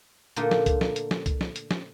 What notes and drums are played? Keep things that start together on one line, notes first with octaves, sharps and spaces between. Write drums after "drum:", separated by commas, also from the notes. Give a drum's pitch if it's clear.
A#2 D3 A3 A#3 D#4 F4, drum: hi-hat
drum: snare
drum: kick C2, hi-hat
drum: snare
drum: hi-hat
drum: snare
drum: kick C2, hi-hat
drum: snare
drum: hi-hat
drum: snare